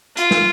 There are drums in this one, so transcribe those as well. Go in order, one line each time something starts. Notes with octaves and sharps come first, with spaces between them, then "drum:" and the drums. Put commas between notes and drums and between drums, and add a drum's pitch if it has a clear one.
F4, drum: hi-hat
drum: snare